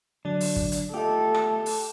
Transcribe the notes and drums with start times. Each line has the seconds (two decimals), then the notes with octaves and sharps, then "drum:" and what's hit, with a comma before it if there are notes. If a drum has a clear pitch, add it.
0.25 D3 F#3 D4
0.41 drum: open hi-hat
0.56 drum: kick G#1
0.72 drum: hi-hat
0.94 A3 F4 G4 A4 D#5
1.34 drum: rim click
1.66 drum: open hi-hat